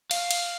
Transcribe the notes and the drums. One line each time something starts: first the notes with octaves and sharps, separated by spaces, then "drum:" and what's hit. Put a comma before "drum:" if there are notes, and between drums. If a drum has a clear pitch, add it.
F5, drum: cymbal
drum: cymbal